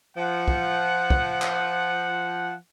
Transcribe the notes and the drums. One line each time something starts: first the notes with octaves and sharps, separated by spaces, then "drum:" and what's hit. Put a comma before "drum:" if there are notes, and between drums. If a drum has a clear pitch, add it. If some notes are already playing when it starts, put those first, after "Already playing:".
F3 F#5
drum: kick
drum: kick
drum: clap